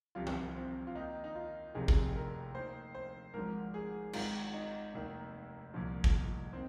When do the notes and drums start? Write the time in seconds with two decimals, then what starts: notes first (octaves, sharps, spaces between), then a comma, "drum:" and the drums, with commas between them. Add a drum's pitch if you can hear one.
0.15 C2 C3 F3 F4
0.27 drum: tom D#3
0.55 C4
0.87 F4
0.95 D#2 D#3 D#4
1.24 D#4
1.35 F4
1.75 F1 F2 C3 D#3 G#4
1.88 drum: kick G#1
2.15 A#4
2.55 D#2 D#3 C5
2.95 C5
3.34 G#1 G#2 F3 A#4
3.74 G#4
4.13 G#1 G#2 D#3 F4, drum: cymbal
4.54 D#4
4.94 F1 D#2 D#3
5.74 C2 A#2 F3
6.04 drum: kick G#1
6.53 D#3 C4